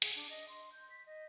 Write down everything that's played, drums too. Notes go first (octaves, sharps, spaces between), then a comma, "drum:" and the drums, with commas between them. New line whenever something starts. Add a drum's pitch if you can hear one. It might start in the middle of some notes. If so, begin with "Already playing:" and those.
G#4, drum: hi-hat
D4
D#5
C6
G6
B6
D#5